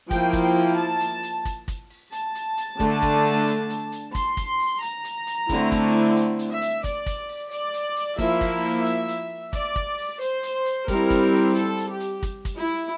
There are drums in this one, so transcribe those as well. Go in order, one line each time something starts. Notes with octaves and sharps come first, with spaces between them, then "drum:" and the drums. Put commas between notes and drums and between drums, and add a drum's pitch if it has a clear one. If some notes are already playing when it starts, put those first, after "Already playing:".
F3 A#3 E4 G5, drum: kick, hi-hat
drum: kick, hi-hat
G5
drum: open hi-hat
A5
drum: hi-hat
drum: hi-hat
drum: kick, hi-hat
drum: kick, hi-hat
drum: open hi-hat
A5, drum: hi-hat
drum: hi-hat
drum: hi-hat
D3 A3 D4, drum: kick, hi-hat
drum: kick, hi-hat
drum: open hi-hat
drum: hi-hat
drum: hi-hat
drum: hi-hat
C6, drum: kick, hi-hat
drum: kick, hi-hat
drum: open hi-hat
A#5, drum: hi-hat
drum: hi-hat
drum: hi-hat
D3 A3 C4 E4, drum: kick, hi-hat
drum: kick, hi-hat
drum: hi-hat
drum: hi-hat
E5
drum: hi-hat
D5, drum: kick, hi-hat
drum: kick, hi-hat
drum: open hi-hat
D5, drum: hi-hat
drum: hi-hat
drum: hi-hat
F3 A#3 E4 E5, drum: kick, hi-hat
drum: kick, hi-hat
drum: open hi-hat
drum: hi-hat
drum: hi-hat
D5, drum: kick, hi-hat
drum: kick
drum: open hi-hat
C5, drum: hi-hat
drum: hi-hat
drum: hi-hat
G3 C4 E4 A#4, drum: kick, hi-hat
drum: kick, hi-hat
drum: open hi-hat
A4, drum: hi-hat
drum: hi-hat
G4
drum: hi-hat
drum: kick, hi-hat
drum: kick, hi-hat
E4
drum: open hi-hat